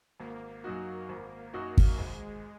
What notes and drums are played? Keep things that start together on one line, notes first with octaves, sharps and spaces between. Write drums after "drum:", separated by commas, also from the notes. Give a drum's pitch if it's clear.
G#1 A#3
F#2 F#3 D#4 F#4
G#1
F#2 F#3 D#4 F#4
drum: kick
G#1 G#3